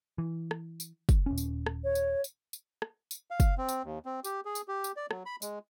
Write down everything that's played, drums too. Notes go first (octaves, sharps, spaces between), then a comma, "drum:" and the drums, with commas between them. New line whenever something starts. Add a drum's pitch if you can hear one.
E3
drum: rim click
drum: tambourine
drum: kick, tambourine
D#1 C#4
drum: tambourine
drum: rim click
C#5
drum: tambourine
drum: tambourine
drum: tambourine
drum: rim click
drum: tambourine
F5
drum: kick, tambourine
C4
drum: tambourine
D#2
C4
G4, drum: tambourine
G#4
drum: tambourine
G4
drum: tambourine
D5
F#3, drum: rim click
B5
G#3, drum: tambourine